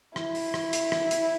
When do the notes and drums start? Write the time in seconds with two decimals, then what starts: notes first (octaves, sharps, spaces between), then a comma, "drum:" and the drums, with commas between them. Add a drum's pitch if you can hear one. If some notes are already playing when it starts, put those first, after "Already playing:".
0.16 E4, drum: rim click
0.35 drum: open hi-hat
0.54 drum: rim click
0.73 drum: hi-hat
0.92 drum: rim click
1.11 drum: hi-hat